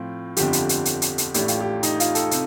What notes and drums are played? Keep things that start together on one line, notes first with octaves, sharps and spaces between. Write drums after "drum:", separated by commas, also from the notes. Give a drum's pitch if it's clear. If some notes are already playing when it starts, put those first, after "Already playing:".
Already playing: A2 F3 C4 F4
G1 F2 D3 F3 G4, drum: hi-hat
drum: hi-hat
drum: hi-hat
drum: hi-hat
drum: hi-hat
drum: hi-hat
A1 A2 A3 D4 G4, drum: hi-hat
F4, drum: hi-hat
G4
D#4, drum: hi-hat
F4, drum: hi-hat
A4, drum: hi-hat
C3, drum: hi-hat